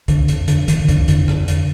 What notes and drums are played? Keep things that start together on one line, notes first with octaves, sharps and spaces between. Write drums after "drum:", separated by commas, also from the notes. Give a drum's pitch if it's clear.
D3, drum: kick, hi-hat
F2, drum: hi-hat
D3, drum: hi-hat
D3 D#3, drum: hi-hat
F2 D3, drum: kick, hi-hat
F2 D3, drum: hi-hat
F2, drum: rim click
D3, drum: hi-hat